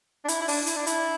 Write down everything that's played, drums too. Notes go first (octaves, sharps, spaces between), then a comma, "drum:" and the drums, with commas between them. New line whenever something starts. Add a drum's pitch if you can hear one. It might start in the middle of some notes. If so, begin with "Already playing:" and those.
D4
E4, drum: hi-hat
E4
D4, drum: open hi-hat
E4, drum: hi-hat
D4
E4, drum: hi-hat